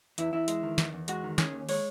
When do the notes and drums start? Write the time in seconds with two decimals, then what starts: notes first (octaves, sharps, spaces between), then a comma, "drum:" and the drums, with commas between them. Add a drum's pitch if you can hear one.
0.18 E2 E4, drum: hi-hat
0.33 E2 E4
0.48 G#3, drum: hi-hat
0.63 D#3
0.78 E2, drum: snare
0.94 E2
1.08 G#3 F#4, drum: hi-hat
1.24 D#3
1.38 C#4 G#4, drum: snare
1.53 D#2
1.69 G#3 C#5, drum: open hi-hat